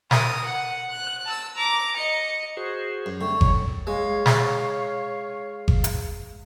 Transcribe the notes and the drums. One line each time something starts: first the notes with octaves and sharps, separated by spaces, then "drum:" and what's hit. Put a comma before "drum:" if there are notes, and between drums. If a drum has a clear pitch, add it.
A#4 D#6, drum: snare
F#5
F#6
A5 E6
A#5 D6
D#5 C#7
F#4 G#4 C5
F#2
D3 G3 A3 C4 C#6
F#3 G#3 C#5, drum: kick G1
G#3 C#5 F5
drum: snare
drum: kick G1
drum: hi-hat